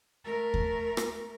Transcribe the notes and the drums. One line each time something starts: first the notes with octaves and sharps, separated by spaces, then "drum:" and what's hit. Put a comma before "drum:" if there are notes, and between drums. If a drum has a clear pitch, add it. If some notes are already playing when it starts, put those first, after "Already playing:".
A3 A#4
drum: kick D#2
drum: rim click